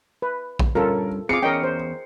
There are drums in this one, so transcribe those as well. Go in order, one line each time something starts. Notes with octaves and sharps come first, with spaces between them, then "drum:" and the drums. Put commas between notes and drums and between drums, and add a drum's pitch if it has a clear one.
B4
drum: kick A#1
G2 C#4 F4 A4 A#4
C4 F4 G#4 D6 C7 C#7
E2 C#4 A#4 D#5 G5
C5